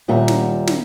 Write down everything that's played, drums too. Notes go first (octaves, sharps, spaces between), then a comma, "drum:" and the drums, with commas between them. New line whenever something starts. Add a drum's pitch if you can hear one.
D#2 A#2 G3 E5 F#5 A#5
drum: snare
drum: snare